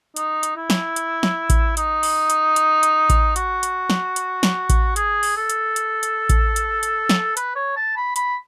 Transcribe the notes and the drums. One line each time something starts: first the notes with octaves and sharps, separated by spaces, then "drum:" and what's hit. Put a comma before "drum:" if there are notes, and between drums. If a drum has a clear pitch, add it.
D#4, drum: hi-hat
drum: hi-hat
E4
drum: snare
drum: hi-hat
drum: snare
drum: kick A1, hi-hat
D#4, drum: hi-hat
drum: open hi-hat
drum: hi-hat
drum: hi-hat
drum: hi-hat
drum: kick A1, hi-hat
F#4, drum: hi-hat
drum: hi-hat
drum: snare
drum: hi-hat
drum: snare
drum: kick A1, hi-hat
G#4, drum: hi-hat
drum: open hi-hat
A4
drum: hi-hat
drum: hi-hat
drum: hi-hat
drum: kick A1, hi-hat
drum: hi-hat
drum: hi-hat
drum: snare
B4, drum: hi-hat
C#5
A5
B5
B5, drum: hi-hat